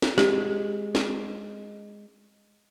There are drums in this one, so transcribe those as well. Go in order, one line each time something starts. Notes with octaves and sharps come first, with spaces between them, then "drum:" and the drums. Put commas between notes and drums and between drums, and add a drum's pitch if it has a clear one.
drum: snare
G#3 G4, drum: snare
drum: snare